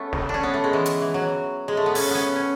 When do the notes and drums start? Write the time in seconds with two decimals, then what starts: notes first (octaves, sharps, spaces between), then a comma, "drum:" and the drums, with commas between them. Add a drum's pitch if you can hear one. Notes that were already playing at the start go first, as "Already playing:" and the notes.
Already playing: A3 B3 C#4
0.13 drum: snare
0.29 C#4 D4
0.43 B3
0.54 A3
0.64 G#3
0.73 E3
0.86 drum: hi-hat
1.02 E3
1.14 F#3
1.68 G#3
1.77 A3
1.86 B3
1.95 C#4, drum: open hi-hat
2.11 B3 C#4
2.36 C#4